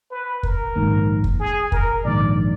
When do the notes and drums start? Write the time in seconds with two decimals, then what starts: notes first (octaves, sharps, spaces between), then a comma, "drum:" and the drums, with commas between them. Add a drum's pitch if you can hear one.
0.11 B4
0.43 A#4, drum: kick
0.76 A#1 G#2 D#3 A#3
1.24 drum: kick
1.40 G#4
1.72 A#4, drum: kick
2.05 A#1 G#2 D#3 A#3 D5